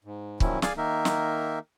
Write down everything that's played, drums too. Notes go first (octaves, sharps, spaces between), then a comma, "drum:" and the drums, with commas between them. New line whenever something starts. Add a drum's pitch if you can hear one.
G#2
A#2 D#3 F3 F#3 C#4 E4, drum: kick C#1
G#4 D5 F5 G#5, drum: snare
D#3 A#3 D#4 A#4 E5
drum: snare